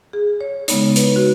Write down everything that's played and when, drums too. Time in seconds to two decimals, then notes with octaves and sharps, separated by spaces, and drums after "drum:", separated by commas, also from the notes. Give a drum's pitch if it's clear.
0.13 G#4
0.41 C#5
0.68 C#3 G#3 B3 D#4 C#5, drum: hi-hat
0.96 B4, drum: hi-hat
1.16 F#4